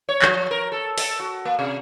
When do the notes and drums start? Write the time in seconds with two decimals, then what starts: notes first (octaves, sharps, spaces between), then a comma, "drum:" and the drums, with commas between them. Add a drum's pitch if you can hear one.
0.09 C#5
0.22 F3, drum: clap
0.51 A#4
0.72 A4
0.98 A4, drum: open hi-hat
1.20 F#4
1.45 A#3
1.59 C3